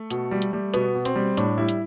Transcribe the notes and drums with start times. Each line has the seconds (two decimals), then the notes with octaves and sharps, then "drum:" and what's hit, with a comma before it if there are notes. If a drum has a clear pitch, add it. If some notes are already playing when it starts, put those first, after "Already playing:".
Already playing: A3
0.10 B2, drum: hi-hat
0.31 G3
0.42 drum: hi-hat
0.53 G3
0.74 B2 B3, drum: hi-hat
0.95 B2
1.05 C4, drum: hi-hat
1.16 G3
1.37 A2 D4, drum: hi-hat
1.58 G3 E4
1.69 drum: hi-hat